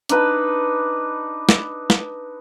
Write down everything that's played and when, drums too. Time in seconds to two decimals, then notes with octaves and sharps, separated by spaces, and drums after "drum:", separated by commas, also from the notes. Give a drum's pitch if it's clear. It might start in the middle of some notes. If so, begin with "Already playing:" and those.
0.09 D4 D#4 B4 A5, drum: hi-hat
1.49 drum: snare
1.90 drum: snare